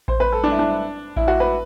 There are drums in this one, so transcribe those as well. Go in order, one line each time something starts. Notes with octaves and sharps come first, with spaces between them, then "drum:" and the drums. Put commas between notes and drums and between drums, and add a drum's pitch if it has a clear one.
C5, drum: kick A1
B4
A4
D4
E4
D4
E4, drum: kick A1
F#4
B4